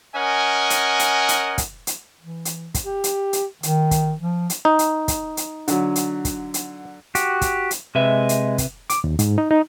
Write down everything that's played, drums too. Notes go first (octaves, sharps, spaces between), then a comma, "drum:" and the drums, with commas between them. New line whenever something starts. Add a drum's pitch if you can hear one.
C#4 A#4 D#5 F#5 G#5
drum: hi-hat
drum: hi-hat
drum: hi-hat
drum: kick, hi-hat
drum: hi-hat
E3
drum: hi-hat
drum: kick, hi-hat
G4
drum: hi-hat
drum: hi-hat
D#3, drum: hi-hat
drum: kick, hi-hat
F3
drum: hi-hat
D#4
drum: hi-hat
drum: kick, hi-hat
drum: hi-hat
D3 F#3, drum: hi-hat
drum: hi-hat
drum: kick, hi-hat
drum: hi-hat
F#4 G4, drum: hi-hat
drum: kick, hi-hat
drum: hi-hat
C3 G#3 B4 E5
drum: hi-hat
drum: kick, hi-hat
D6, drum: hi-hat
D#2
G#2, drum: hi-hat
D#4
D#4